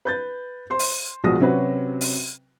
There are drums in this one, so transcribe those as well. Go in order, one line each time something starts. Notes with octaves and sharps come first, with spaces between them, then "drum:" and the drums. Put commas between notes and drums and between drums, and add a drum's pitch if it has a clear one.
B4 G6 A6
C5 C6
drum: open hi-hat
A#1 B2 G#3 F#4 D#6 A#6
C3 F#3 C#4 F#4 B4
drum: open hi-hat